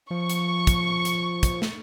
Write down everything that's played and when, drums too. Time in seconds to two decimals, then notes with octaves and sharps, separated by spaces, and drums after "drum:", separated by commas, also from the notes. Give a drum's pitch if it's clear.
0.11 F3 C#6
0.29 drum: hi-hat
0.67 drum: kick, hi-hat
1.05 drum: hi-hat
1.43 drum: kick, hi-hat
1.62 drum: snare